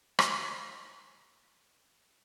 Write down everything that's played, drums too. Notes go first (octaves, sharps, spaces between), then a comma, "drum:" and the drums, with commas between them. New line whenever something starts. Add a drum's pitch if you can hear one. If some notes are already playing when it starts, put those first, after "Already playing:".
drum: rim click
A3 G#4 A#4